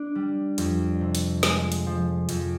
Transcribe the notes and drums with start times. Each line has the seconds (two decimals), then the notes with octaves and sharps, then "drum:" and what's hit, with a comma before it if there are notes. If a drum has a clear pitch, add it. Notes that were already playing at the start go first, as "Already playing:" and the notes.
Already playing: D4
0.15 G3
0.58 F2, drum: hi-hat
1.01 C3
1.15 drum: hi-hat
1.43 G#3, drum: snare
1.72 drum: hi-hat
1.86 F3
2.29 F2, drum: hi-hat